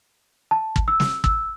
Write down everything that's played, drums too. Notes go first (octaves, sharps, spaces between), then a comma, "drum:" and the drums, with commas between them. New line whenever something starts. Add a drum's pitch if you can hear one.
A5
drum: kick
E6
drum: snare
E6, drum: kick